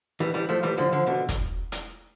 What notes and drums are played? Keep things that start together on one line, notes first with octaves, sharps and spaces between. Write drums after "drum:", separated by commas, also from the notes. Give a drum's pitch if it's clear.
E3 G3
E3 G3
F3 A3
E3 G3
D3 F3
D3 F3
B2 D3
drum: kick, hi-hat
drum: hi-hat